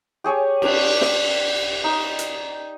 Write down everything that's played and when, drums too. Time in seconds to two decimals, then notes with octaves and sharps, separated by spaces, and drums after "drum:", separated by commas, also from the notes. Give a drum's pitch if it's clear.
0.24 G4 G#4 C#5 G#5
0.62 D4 G4, drum: cymbal
1.01 drum: snare
1.84 D#4 D#5
2.19 drum: hi-hat